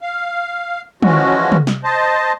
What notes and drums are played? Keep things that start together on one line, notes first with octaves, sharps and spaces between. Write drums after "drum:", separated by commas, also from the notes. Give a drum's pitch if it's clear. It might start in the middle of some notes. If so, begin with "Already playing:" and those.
F5
E3 F3 G#3 C#4 F#4, drum: tom
drum: tom
drum: snare
C5 D#5 A5